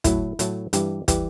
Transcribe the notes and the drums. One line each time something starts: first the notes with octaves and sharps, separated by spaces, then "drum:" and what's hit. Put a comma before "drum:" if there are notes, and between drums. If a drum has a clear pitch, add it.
A2 F#3 A3 E4, drum: kick, hi-hat
A2 F#3 A3, drum: hi-hat
G2 E3 G3 G4, drum: hi-hat
E3 G3 G4, drum: kick, hi-hat